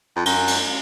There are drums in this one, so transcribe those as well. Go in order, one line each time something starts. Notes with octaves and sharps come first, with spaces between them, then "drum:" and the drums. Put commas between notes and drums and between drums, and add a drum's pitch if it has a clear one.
F2
F#2, drum: cymbal
drum: cymbal